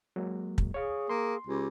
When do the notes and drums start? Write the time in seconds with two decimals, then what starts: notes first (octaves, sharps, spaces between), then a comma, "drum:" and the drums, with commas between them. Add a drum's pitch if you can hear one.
0.16 F#3 G#3 A#3
0.58 drum: kick
0.74 G#4 C#5 F5 C#6
1.09 A#3 C6
1.47 C#2 G4